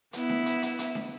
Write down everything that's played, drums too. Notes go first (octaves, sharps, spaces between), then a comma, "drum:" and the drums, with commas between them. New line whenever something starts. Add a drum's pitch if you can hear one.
B3 E4, drum: hi-hat
drum: snare D4
drum: hi-hat
drum: hi-hat
drum: hi-hat
drum: snare D4